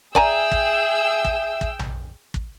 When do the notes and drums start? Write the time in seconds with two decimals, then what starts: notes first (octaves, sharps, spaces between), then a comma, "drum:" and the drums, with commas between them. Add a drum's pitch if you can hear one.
0.15 G#4 D5 E5 G5 G#5 A#5 E6, drum: kick
0.52 drum: kick
1.25 drum: kick
1.61 drum: kick
1.79 drum: tom A#1
2.34 drum: kick